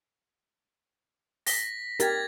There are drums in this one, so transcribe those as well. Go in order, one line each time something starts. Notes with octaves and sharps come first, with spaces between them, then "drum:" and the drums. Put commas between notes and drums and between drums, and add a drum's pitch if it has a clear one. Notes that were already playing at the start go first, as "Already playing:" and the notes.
A#6 B6, drum: open hi-hat
G4 A#4 G#6 A6 B6, drum: hi-hat